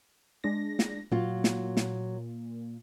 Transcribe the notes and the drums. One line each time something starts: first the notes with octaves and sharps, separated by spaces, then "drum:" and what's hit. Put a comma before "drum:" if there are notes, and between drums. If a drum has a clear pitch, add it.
G#3 D4 A#6
drum: snare
A#2 F#3 F4
drum: snare
drum: snare